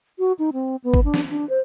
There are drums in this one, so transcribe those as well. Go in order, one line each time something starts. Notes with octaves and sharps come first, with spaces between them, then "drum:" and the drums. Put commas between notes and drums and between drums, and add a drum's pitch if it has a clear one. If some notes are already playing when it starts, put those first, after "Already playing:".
F#4
D#4
C4
B3
drum: kick
D4
drum: snare
D4
C5